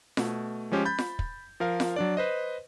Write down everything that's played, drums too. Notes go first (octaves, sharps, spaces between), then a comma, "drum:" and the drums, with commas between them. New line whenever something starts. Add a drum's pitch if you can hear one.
B2 A3, drum: snare F4
F3 G#3 C#4 G4 C5
B5 G6 A6
drum: snare F4
drum: kick
F3 A#4 F5
drum: snare F4
F#3 D4 D5
B4 C5 D#5